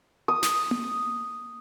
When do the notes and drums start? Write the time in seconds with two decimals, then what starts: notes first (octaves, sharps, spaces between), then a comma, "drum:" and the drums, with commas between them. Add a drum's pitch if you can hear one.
0.28 D#6
0.43 drum: snare
0.71 drum: tom A#3